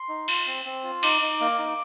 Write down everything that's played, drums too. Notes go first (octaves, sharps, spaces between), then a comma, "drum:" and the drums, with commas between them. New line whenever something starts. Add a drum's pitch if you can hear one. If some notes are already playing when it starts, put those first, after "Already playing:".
Already playing: C6
D#4
F4, drum: cymbal
C4
C4
F4
D#4 D6, drum: cymbal
D#4
A#3
D#4